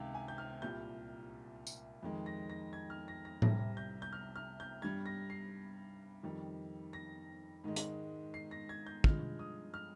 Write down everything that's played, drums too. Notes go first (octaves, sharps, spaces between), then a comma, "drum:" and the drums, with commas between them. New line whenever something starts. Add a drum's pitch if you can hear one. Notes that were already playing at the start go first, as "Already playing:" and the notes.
Already playing: C#2 C3 D#3 F5 G5
G#5
G6
F6
C2 A#2 G3 G6
drum: tambourine
F2 D#3 G#3
A#6
A#6
G#6
F6
A#6
A#6
C2 C3 G3 A#6, drum: tom A2
G6
G6
F6
F6
G6
G2 G3 G#6
A#6
C7
F2 D#3 G3
A#6
G#2 D#3 G#3
drum: hi-hat
C7
A#6
G#6
G6
G2 F3 G#3 F6, drum: kick
D#6
F6